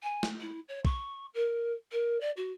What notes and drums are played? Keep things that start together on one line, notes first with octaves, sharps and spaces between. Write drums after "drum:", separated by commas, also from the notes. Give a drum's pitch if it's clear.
G#5
drum: snare
E4
C#5
C#6, drum: kick
A#4
A#4
D5
F#4